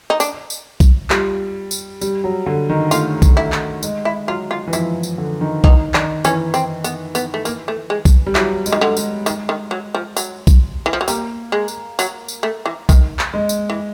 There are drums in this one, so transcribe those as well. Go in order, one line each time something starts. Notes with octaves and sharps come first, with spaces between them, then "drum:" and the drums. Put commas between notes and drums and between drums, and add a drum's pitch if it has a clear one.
D#4
D4, drum: tambourine
drum: tambourine
drum: kick B1, tambourine
G3 F4, drum: clap
drum: tambourine
G3, drum: tambourine
F#3
D3
D#3
A3 F4, drum: tambourine
drum: kick B1, tambourine
E4
drum: clap
G#3, drum: tambourine
E4
F#3 F4
F4
E3
F3 E4, drum: tambourine
drum: tambourine
D3
D#3
D#3 D#4, drum: kick B1
D#3 D4, drum: clap
E3 C#4, drum: tambourine
C4, drum: tambourine
B3, drum: tambourine
B3, drum: tambourine
A3
A#3, drum: tambourine
A3
G#3
drum: kick B1, tambourine
G3
E3 F#3, drum: clap
G#3, drum: tambourine
D#3
D3
G#3, drum: tambourine
D#3, drum: tambourine
D#3
F#3
F3
F#3, drum: tambourine
drum: kick B1, tambourine
E3
F3
F#3
G3 A#3, drum: tambourine
G#3
drum: tambourine
F#3, drum: tambourine
drum: tambourine
A3
E3
D#3, drum: kick B1, tambourine
drum: clap
G#3
drum: tambourine
E3